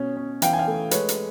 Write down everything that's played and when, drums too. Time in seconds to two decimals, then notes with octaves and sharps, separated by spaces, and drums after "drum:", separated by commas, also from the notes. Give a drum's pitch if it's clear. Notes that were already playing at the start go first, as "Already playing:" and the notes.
Already playing: B2 C#4
0.17 C#4
0.42 E3 F5 G5, drum: hi-hat
0.53 G#5
0.59 F5 G5
0.67 A3
0.91 G#3 B4 C#5, drum: hi-hat
1.09 drum: hi-hat